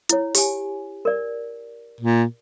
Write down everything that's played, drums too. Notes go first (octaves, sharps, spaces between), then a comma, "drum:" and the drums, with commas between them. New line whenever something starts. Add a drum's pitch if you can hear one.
E4 C#5, drum: hi-hat
G4 G#5, drum: open hi-hat
A#4 D5
A#2